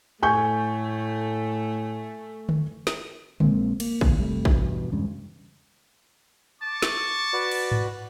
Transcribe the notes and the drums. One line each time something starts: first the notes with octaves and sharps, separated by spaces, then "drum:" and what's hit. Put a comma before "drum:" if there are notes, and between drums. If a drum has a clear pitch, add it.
A2 A3 G#5 C#6 G6
drum: tom D3
drum: snare
A#1 G#3 A#3 C4, drum: tom C#3
A#3, drum: cymbal
F#1 D#2 A#2 D3, drum: kick
F1 C3 G3 A3
E2 G2 B2, drum: kick
E2 G2 C#3 G#3
A5 C#6 D6
drum: snare
F#4 B4 D5
drum: cymbal
drum: tom G#2